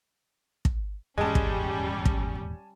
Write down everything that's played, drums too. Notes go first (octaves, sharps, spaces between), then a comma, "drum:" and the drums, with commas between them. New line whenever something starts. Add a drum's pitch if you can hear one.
drum: kick
D#1 E2 G#2 G3 G#3 C#4 G#5 A5
drum: kick
drum: kick